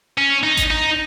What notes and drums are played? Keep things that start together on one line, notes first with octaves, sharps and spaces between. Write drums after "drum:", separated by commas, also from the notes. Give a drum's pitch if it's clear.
C#4
D#4
drum: kick G#1, hi-hat
D#4